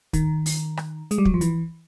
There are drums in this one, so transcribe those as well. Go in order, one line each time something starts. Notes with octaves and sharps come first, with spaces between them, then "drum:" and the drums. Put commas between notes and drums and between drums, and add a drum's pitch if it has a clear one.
D#3, drum: kick, hi-hat
drum: open hi-hat
drum: rim click
G#3, drum: hi-hat
G3
F#3, drum: kick
F3
E3, drum: hi-hat